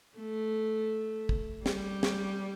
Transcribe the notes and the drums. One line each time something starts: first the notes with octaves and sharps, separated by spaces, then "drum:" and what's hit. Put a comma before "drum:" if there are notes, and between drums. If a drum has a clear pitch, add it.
A3
drum: kick
G3, drum: snare
drum: snare